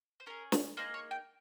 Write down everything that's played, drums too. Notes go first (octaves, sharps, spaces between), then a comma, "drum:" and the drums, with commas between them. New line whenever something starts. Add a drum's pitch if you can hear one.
C5
C#4 G#4 A#4
drum: snare
A#3 D#4 G#4 C5
C#5
G5